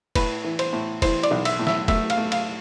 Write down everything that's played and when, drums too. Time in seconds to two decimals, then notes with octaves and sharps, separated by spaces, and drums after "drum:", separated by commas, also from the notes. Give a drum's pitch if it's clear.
0.15 A2 B4, drum: kick, cymbal
0.44 E3
0.59 C5, drum: cymbal
0.73 A2
1.02 E3 C5, drum: kick, cymbal
1.23 D5, drum: cymbal
1.31 B1
1.45 E5, drum: cymbal
1.59 A2
1.67 E5, drum: snare
1.88 A3 E5, drum: kick, cymbal
2.10 F5, drum: cymbal
2.17 A3
2.32 F5, drum: cymbal